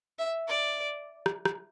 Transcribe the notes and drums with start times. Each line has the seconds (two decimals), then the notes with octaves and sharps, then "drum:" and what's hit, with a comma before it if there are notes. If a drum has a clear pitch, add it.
0.19 E5
0.48 D5
1.26 drum: rim click
1.45 drum: rim click